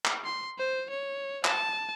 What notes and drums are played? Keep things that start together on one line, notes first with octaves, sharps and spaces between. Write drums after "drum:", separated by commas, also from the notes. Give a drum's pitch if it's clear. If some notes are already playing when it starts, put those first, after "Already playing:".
drum: clap
C6
C5
C#5
A5, drum: clap